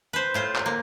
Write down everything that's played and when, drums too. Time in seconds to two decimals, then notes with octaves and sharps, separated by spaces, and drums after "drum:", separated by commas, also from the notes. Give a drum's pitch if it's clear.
0.13 B4 C5
0.34 A2 F4 C5
0.56 drum: clap
0.66 A#3